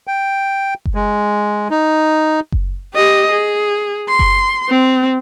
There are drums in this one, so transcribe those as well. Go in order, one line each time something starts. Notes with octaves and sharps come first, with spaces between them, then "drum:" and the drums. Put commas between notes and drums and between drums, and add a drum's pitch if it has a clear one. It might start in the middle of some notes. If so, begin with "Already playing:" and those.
G5
drum: kick F#1
G#3
D#4
drum: kick F#1
G4 D#5
G#4
C6
drum: kick F#1
C4